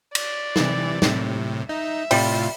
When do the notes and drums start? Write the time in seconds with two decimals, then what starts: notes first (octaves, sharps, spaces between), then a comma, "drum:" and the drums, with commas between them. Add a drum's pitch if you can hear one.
0.15 D5, drum: cymbal
0.56 C3 E3, drum: snare
1.02 A2 C3, drum: snare
1.69 D#4 E5
2.11 A2 C3 G3 F4, drum: open hi-hat